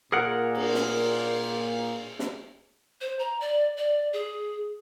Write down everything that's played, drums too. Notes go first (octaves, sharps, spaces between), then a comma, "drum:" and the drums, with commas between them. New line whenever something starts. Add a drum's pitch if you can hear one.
A#2 G#4 A#4 F#5
drum: cymbal
drum: snare
drum: snare
C5
A#5
D5
D5
G#4